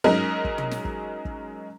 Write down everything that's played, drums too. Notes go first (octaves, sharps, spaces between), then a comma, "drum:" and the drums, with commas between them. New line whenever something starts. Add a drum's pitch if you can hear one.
F#3 G#3 C#4 D#4 A#4 D#5
drum: kick
drum: tom
drum: snare
drum: kick
drum: kick